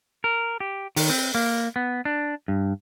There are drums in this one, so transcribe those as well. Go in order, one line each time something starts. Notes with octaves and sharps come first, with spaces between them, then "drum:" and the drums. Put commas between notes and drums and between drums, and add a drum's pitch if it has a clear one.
A#4
G4
D#3, drum: open hi-hat
C4
A#3
B3
D4
G2